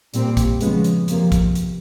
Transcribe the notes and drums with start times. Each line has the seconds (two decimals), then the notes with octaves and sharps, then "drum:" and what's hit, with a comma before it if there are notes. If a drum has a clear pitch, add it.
0.14 A#2 G3 C4, drum: hi-hat
0.37 drum: kick A#1, hi-hat
0.61 C#3 F3 G#3 B3, drum: hi-hat
0.84 drum: hi-hat
1.08 F2 C3 F3 A#3, drum: hi-hat
1.32 drum: kick A#1, hi-hat
1.55 drum: hi-hat